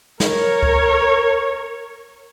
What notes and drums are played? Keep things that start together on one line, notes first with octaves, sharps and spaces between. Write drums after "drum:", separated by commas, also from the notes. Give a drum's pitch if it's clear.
A#4 C#5, drum: snare
drum: kick C#2